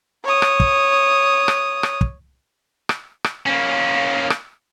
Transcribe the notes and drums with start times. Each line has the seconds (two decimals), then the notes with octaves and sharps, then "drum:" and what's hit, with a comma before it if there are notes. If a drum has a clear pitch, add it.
0.24 C#5 D#6
0.42 drum: rim click
0.60 drum: kick
1.48 drum: rim click
1.83 drum: rim click
2.01 drum: kick
2.89 drum: rim click
3.24 drum: rim click
3.46 A#3 C#4
4.30 drum: rim click